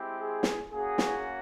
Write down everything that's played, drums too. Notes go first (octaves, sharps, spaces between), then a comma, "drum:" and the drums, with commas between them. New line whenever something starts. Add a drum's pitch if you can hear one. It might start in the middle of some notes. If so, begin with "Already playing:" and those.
Already playing: G#3 C4 E4 G4
G#4
drum: snare
A#3 C#4 F#4 G#4
drum: snare